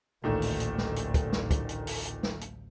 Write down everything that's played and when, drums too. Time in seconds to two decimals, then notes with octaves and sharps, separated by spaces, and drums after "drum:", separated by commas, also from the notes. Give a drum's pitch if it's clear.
0.24 A1 D2 A#2 D#3 A3
0.42 drum: open hi-hat
0.60 drum: hi-hat
0.78 drum: snare
0.96 drum: hi-hat
1.14 drum: kick, hi-hat
1.33 drum: snare
1.51 drum: kick, hi-hat
1.69 drum: hi-hat
1.87 drum: open hi-hat
2.05 drum: hi-hat
2.23 drum: snare
2.41 drum: hi-hat